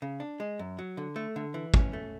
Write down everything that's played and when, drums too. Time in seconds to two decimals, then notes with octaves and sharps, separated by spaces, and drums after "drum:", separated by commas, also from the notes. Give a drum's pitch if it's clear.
0.02 C#3
0.20 D4
0.40 G#3
0.59 F#2
0.79 F#3
0.97 D3
1.16 A3
1.36 D3
1.54 E3
1.74 C#4, drum: kick
1.93 A3